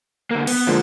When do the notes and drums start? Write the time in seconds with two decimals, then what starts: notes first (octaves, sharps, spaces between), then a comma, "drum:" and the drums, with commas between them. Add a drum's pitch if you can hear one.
0.31 D3 A#3
0.47 B3, drum: cymbal
0.67 D3 F3 G#3 A#3